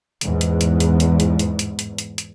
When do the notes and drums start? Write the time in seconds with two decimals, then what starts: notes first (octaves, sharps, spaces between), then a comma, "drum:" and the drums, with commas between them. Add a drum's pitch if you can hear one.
0.21 E2 G#2, drum: hi-hat
0.41 drum: hi-hat
0.61 drum: hi-hat
0.80 drum: hi-hat
1.00 drum: hi-hat
1.20 drum: hi-hat
1.39 drum: hi-hat
1.59 drum: hi-hat
1.79 drum: hi-hat
1.98 drum: hi-hat
2.18 drum: hi-hat